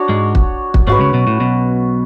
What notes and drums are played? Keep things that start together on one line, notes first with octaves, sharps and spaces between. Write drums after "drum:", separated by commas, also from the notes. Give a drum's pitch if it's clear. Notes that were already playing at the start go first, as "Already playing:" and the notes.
Already playing: D4 F#4 C#5
G#2 G#3
drum: kick
drum: kick
G#2 G#3 C#4 F#4 B4
C#2 C#3
B1 B2
A2
B1 B2